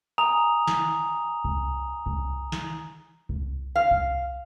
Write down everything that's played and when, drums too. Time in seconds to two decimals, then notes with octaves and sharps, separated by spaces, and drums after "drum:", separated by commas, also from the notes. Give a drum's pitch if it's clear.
0.18 G#5 A#5 D#6 F7
0.67 drum: snare
1.44 drum: kick C2
2.06 drum: kick C2
2.52 drum: snare
3.29 drum: kick C2
3.76 F5
3.91 drum: kick C2